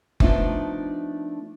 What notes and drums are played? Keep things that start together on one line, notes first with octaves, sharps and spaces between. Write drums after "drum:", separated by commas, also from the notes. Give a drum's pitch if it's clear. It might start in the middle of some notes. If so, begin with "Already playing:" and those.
F3 A3 B3 D4 D#4 F4, drum: kick F#1